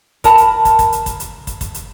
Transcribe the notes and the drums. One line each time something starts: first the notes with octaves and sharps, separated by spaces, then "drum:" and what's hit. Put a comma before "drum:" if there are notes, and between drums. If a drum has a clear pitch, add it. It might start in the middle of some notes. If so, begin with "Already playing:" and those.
A#4 A5 B5, drum: kick, hi-hat
drum: hi-hat
drum: kick, hi-hat
drum: kick, hi-hat
drum: hi-hat
drum: kick, hi-hat
drum: hi-hat
drum: kick, hi-hat
drum: kick, hi-hat
drum: hi-hat